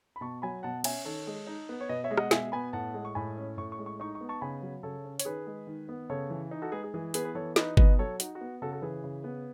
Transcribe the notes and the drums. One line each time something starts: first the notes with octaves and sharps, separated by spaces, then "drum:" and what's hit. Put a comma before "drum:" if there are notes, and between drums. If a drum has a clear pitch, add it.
B5
B2 A5 C#6
F#3 G#5 B5
B2 F#5 A5
C#4 E5 G#5, drum: cymbal
D#3 A4 C#5
G#3
D#4
B3
C#5
B2 B4 D#5
C#5 E5
G#3
D#5 F#5, drum: rim click
B2 E5 G#5, drum: snare
B3 G#5 B5
A2 F#5 A5
G#3
C#6
A2 G#5 B5
C#4
A2 C#6
C#6
G#3
C#6
D#4 C#6
C#6
B3
A5 C#6
C#3 G#5 B5
F#3
C#3 A4 C#5
C#4
C#5, drum: hi-hat
D#3 G#4 B4
G#3
D#3
B3
C#3 A4 C#5
E3
D#4
F#4 A4
G#3 G#4 B4
G#4
E3 G#4
B3 G#4 B4, drum: hi-hat
B4
E3 A4 C#5
D#4 B4 D#5, drum: snare
B2 B4 D#5, drum: kick G1
F#3 A4 C#5
D#4 F#4, drum: hi-hat
F#4
B3
C#3 F#4 A4
A4
E3 G#4 B4
C#3
B3